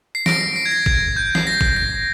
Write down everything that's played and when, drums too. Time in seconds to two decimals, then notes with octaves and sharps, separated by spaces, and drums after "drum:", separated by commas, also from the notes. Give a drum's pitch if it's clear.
0.15 C7
0.26 A#6 D7, drum: snare
0.41 A#6
0.56 C7
0.66 G#6
0.72 A#6
0.86 G#6, drum: kick
1.16 G6
1.35 C7, drum: snare
1.47 A#6
1.61 drum: kick
1.76 A#6